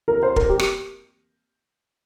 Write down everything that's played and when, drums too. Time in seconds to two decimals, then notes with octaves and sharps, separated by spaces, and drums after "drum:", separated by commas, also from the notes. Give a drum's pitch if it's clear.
0.08 A#4
0.23 C5
0.36 A#4, drum: kick
0.49 G4
0.59 drum: rim click